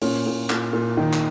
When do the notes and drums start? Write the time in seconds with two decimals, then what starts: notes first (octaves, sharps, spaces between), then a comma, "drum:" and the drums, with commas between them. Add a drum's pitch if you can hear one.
0.02 A#2 C#4, drum: open hi-hat
0.26 A#2
0.50 A#2, drum: clap
0.73 A#2
0.97 D#3 D#4
1.13 drum: clap